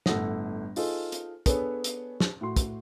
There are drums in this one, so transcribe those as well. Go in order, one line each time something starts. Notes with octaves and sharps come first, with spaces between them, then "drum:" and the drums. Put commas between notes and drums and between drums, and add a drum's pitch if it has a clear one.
G1 A2 A4 F#5 D#6 A#6, drum: snare
D#4 F4 G#4 A4 C5, drum: open hi-hat
drum: hi-hat
B3 D4 G#4 A4 B4 C#5, drum: kick, hi-hat
drum: hi-hat
drum: snare
A2 F#4 C6
drum: kick, hi-hat